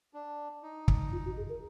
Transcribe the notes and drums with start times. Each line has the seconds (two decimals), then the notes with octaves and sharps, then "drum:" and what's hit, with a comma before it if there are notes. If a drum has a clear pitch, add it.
0.14 D4
0.63 D#4
0.88 drum: kick
1.12 F4
1.25 F#4
1.37 G#4
1.49 A#4